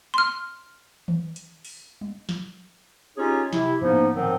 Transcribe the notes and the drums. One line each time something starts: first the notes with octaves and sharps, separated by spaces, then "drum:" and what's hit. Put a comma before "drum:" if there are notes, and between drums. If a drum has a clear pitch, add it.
C6 F6
drum: tom D#3
drum: hi-hat
drum: open hi-hat
drum: tom G3
drum: snare
C#4 D#4 F4 G4 G#4 C#5
C3 E4, drum: snare
F3 A#3 B3 C#4 D#4, drum: tom G#2
D3 D#3 F3 F#3 C4, drum: tom G#2